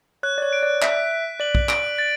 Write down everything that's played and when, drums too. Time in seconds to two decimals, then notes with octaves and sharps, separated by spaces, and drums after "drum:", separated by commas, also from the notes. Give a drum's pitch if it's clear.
0.23 C#5 F#6
0.38 D5
0.42 C#5
0.53 D7
0.63 D5
0.82 E5 B6, drum: clap
1.12 F#6
1.40 D5 F#7
1.55 drum: kick
1.69 D7, drum: clap
1.99 A6